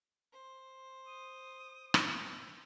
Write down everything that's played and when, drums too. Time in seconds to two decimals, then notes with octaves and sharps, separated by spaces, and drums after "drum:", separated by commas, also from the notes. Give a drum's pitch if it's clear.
0.33 C5
1.07 D#6
1.94 drum: rim click